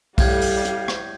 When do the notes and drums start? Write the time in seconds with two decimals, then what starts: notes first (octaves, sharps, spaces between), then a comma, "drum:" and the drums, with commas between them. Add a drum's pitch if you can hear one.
0.18 A2 G3 F5 G6 G#6, drum: kick B1, open hi-hat
0.41 drum: open hi-hat
0.65 drum: hi-hat
0.88 drum: rim click